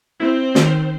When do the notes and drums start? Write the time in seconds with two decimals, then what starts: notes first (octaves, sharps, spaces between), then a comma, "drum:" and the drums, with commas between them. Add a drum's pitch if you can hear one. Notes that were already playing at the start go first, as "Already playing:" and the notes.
0.20 C4 E4 C5
0.55 D#3, drum: snare